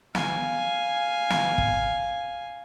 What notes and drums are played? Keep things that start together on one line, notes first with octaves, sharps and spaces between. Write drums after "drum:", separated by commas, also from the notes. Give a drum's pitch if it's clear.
F5 G#5, drum: snare
drum: snare
drum: kick